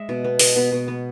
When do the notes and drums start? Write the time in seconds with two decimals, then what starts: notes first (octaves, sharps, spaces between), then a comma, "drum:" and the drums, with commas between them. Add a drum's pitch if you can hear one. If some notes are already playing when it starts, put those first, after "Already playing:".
Already playing: G#3 E5
0.09 B2
0.24 B3
0.39 G#3 B4 D#5, drum: open hi-hat
0.56 B2
0.72 B2
0.88 B3